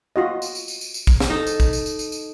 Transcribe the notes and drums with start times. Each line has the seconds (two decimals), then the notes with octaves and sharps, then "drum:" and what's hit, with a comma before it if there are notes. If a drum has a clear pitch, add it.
0.16 F4 F#4 D#5
0.42 drum: tambourine
0.55 drum: tambourine
0.68 drum: tambourine
0.81 drum: tambourine
0.94 drum: tambourine
1.07 drum: kick, tambourine
1.20 drum: snare
1.30 D#4 A4
1.47 drum: tambourine
1.60 drum: kick, tambourine
1.73 drum: tambourine
1.86 drum: tambourine
1.99 drum: tambourine
2.12 drum: tambourine